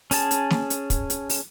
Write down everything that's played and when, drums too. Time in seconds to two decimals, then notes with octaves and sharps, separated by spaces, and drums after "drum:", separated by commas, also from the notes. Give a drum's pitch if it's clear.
0.11 C#4 G#4 A5, drum: open hi-hat
0.31 drum: hi-hat
0.50 drum: snare
0.70 drum: hi-hat
0.90 drum: kick, hi-hat
1.10 drum: hi-hat
1.29 drum: open hi-hat